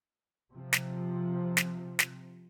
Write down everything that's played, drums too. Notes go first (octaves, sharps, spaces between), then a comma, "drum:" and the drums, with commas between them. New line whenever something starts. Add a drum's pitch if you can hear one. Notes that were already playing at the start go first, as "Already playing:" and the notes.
C3 F3
drum: snare
drum: snare
drum: snare